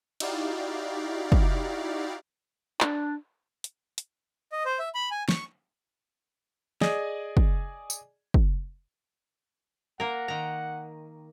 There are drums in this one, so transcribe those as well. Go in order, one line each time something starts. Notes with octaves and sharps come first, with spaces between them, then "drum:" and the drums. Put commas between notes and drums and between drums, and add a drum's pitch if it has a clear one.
D#4 E4 F#4 G4 D5 F5, drum: cymbal
drum: kick
D4, drum: clap
drum: hi-hat
drum: hi-hat
D#5
C5
E5
B5
G#5
C#6, drum: snare
G#4 D5 D#5 G#5, drum: snare
drum: kick
drum: tambourine
drum: kick
A#3 A#4 F#5
D#3 A#5